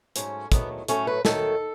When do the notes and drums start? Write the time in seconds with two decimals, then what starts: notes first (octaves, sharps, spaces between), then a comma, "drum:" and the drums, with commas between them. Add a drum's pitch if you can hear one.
0.16 G#2 F#3 A3 C#4, drum: hi-hat
0.52 E2 D#3 F#3 A3 B3, drum: kick, hi-hat
0.88 A2 F#3 A3 C#4, drum: hi-hat
1.07 B4
1.25 D#3 F#3 A3 A4, drum: snare